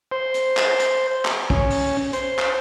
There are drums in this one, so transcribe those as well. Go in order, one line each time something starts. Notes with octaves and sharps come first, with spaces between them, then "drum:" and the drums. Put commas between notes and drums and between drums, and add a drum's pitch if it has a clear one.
C5
drum: hi-hat
drum: clap
drum: hi-hat
drum: clap
C#4, drum: kick
drum: open hi-hat
C5, drum: hi-hat
drum: clap